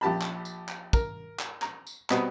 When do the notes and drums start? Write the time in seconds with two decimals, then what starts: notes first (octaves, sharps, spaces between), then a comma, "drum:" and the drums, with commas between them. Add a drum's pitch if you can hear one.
0.01 A#1 G4 A5 B5
0.22 drum: clap
0.45 drum: tambourine
0.69 drum: clap
0.93 A#4, drum: kick, tambourine
1.39 drum: clap
1.62 A#5, drum: clap
1.87 drum: tambourine
2.10 B2 G3 B3 C4 B4 D#5, drum: clap